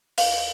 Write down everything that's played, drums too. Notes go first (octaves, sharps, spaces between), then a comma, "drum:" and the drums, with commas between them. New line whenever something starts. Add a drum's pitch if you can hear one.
D#2 F5, drum: open hi-hat